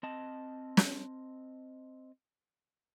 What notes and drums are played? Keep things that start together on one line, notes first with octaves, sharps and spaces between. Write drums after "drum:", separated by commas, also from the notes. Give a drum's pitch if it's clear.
C4 D#5 A5
drum: snare